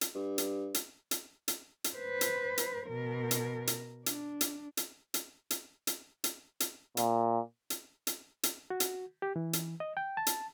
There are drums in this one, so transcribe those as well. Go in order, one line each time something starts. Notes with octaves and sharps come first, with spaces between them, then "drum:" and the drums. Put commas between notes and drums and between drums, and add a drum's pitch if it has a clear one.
drum: hi-hat
G2
drum: hi-hat
drum: hi-hat
drum: hi-hat
drum: hi-hat
drum: hi-hat
B4 C5
drum: hi-hat
drum: hi-hat
B2 A#4
drum: hi-hat
drum: hi-hat
D4, drum: hi-hat
drum: hi-hat
drum: hi-hat
drum: hi-hat
drum: hi-hat
drum: hi-hat
drum: hi-hat
drum: hi-hat
A#2, drum: hi-hat
drum: hi-hat
drum: hi-hat
drum: hi-hat
F#4
drum: hi-hat
G4
E3
drum: hi-hat
D#5
G5
A5
drum: hi-hat